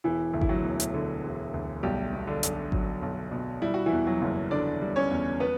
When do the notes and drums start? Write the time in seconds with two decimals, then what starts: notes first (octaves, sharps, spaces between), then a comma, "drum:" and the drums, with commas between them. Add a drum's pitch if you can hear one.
0.04 E1 E3 E4
0.34 D2
0.41 E4, drum: kick G#1
0.49 F#3 F#4
0.64 E1
0.80 drum: hi-hat
0.94 D3
1.24 E1
1.54 D2
1.83 B1 G3 G4
2.13 B2
2.27 D3 D4
2.43 B1, drum: hi-hat
2.72 F#3, drum: kick G#1
3.02 B1
3.32 B2
3.62 G3 E4
3.74 F#4
3.86 E3 E4
3.92 E2
4.07 F#3 F#4
4.22 F#1
4.51 D3 D4 D5
4.82 G3
4.96 C#4 C#5
5.11 E2
5.40 B3 B4